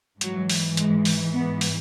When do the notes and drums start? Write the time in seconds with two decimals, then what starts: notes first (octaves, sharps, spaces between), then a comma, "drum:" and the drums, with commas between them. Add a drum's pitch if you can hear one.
0.21 G#2 E3 F#3, drum: hi-hat
0.50 drum: open hi-hat
0.77 G#3, drum: hi-hat
1.05 drum: open hi-hat
1.33 B3
1.61 drum: open hi-hat